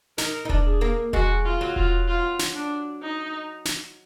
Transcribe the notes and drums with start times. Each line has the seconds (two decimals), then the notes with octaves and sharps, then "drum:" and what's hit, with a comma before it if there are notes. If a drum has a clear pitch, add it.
0.18 D#4 A#4, drum: snare
0.45 D#4
0.49 D4, drum: kick E1
0.66 G#4
0.81 A#3
1.13 G#3 F#4, drum: kick E1
1.45 F4
1.61 F#3
1.76 F4, drum: kick E1
2.08 F4
2.39 drum: snare
2.55 D4
3.03 D#4
3.65 drum: snare